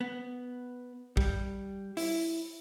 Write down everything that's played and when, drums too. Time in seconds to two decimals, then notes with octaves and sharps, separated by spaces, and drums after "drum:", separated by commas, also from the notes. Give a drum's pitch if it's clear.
0.01 B3
1.17 G3, drum: kick A#1
1.97 E4, drum: open hi-hat